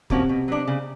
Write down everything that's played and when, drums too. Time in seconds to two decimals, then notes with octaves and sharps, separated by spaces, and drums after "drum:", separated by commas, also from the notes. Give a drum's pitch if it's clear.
0.10 C3 F3 A#3 C#4 F#4, drum: kick
0.29 B2
0.48 F#3 B3 D4
0.67 C#3